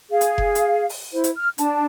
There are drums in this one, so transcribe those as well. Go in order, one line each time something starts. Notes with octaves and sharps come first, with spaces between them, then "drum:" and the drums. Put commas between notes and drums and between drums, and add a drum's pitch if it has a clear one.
G#4 F5
drum: hi-hat
drum: kick F1
drum: hi-hat
drum: open hi-hat
E4 C5
drum: hi-hat
F6
D4 A5, drum: hi-hat